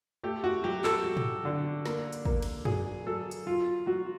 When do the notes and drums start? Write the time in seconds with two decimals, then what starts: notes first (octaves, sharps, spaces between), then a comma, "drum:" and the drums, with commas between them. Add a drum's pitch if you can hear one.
0.24 A3 G4
0.44 F#4
0.64 F#3 G4
0.84 A4, drum: clap
1.04 F#3
1.17 drum: tom
1.45 D3
1.86 A#3, drum: snare
2.12 drum: hi-hat
2.25 A#3, drum: kick
2.42 drum: cymbal
2.65 F#3 G#4, drum: tom
3.06 F#3 A4
3.31 drum: hi-hat
3.46 F#3 F4
3.86 F#3 F#4